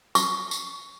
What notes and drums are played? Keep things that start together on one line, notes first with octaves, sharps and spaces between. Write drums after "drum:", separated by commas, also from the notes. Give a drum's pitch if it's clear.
C#6, drum: tambourine
drum: tambourine